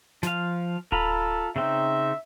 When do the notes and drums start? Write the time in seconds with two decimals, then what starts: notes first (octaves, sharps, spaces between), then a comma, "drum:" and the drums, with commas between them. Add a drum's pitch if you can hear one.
0.23 F3 F5, drum: snare
0.92 F4 A4 A#5 B5, drum: kick D1
1.56 C#3 C4 D#4 E5